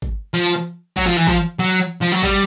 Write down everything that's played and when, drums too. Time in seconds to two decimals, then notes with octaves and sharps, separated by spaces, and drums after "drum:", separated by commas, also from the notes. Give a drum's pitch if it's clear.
0.02 drum: kick G#1
0.34 F3
0.97 F#3, drum: kick G#1
1.06 F3
1.17 E3
1.27 F3, drum: kick G#1
1.59 F#3
2.01 F3
2.12 F#3
2.23 G3, drum: kick G#1